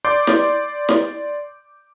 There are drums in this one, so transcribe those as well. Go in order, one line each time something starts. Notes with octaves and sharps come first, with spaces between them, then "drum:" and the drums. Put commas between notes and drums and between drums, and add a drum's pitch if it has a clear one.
D5 C6 D6 G6
drum: snare
drum: snare